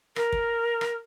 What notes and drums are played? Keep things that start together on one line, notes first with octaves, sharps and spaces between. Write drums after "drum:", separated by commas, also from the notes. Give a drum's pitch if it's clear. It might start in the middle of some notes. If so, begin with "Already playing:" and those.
A#4, drum: rim click
drum: kick
drum: rim click